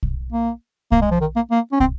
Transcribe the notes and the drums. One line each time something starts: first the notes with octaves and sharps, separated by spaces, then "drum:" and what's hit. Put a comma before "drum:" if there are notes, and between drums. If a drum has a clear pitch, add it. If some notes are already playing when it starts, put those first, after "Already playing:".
drum: kick
A#3
A#3, drum: kick
G#3
F3
D#3
A#3
A#3
C#4
C4, drum: kick